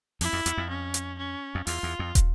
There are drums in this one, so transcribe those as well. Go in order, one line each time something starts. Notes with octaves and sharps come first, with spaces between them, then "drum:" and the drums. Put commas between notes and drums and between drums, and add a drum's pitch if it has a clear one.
F2 E4, drum: open hi-hat
F2
E2, drum: hi-hat
F2
C#4
drum: hi-hat
C#4
F2
E2 F4, drum: open hi-hat
E2
F2
drum: kick, hi-hat